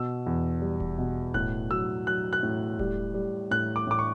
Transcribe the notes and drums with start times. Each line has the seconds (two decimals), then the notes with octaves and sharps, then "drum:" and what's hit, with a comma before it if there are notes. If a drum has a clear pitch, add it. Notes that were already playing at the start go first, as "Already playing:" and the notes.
Already playing: B2 E6
0.26 E2
0.62 G3
0.80 drum: kick D#1
0.98 B2
1.34 A2 F#6, drum: kick D#1
1.71 F#3 E6
2.07 F#3 F#6
2.33 F#6
2.43 A2
2.79 G3, drum: kick D#1
3.14 G3
3.51 A2 F#6
3.76 D6
3.87 A2 D6
3.99 C#6